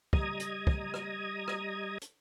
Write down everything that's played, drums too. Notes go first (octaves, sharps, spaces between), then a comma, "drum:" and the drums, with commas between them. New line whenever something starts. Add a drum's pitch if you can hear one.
G3 D#5 A#5 D#6 G#6, drum: kick
drum: hi-hat
drum: kick
drum: rim click
drum: rim click
drum: hi-hat